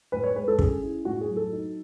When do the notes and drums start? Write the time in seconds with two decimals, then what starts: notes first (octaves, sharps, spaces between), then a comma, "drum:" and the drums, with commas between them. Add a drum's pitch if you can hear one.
0.12 A2 B4
0.24 C#5
0.36 G#3 B4
0.48 A4
0.59 C#4 G#4, drum: kick
0.83 E4
1.05 A2 F#4
1.21 G#4
1.29 F#3
1.36 A4
1.53 D#4